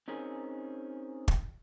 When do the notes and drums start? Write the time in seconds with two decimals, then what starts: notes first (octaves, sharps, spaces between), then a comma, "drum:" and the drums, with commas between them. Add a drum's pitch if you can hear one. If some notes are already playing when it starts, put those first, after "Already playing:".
0.08 C4 C#4 D#4 G#4 A#4
1.28 drum: kick